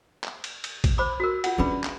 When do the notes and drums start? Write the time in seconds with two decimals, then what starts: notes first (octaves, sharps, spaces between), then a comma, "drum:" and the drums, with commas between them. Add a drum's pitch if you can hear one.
0.24 drum: clap
0.44 drum: cymbal
0.64 drum: cymbal
0.84 drum: kick, cymbal
0.98 C5 B5 D6
1.20 F#4 A#4
1.44 F4 F#5, drum: cymbal
1.58 C#4 D4 G#4 B4 B5
1.84 drum: clap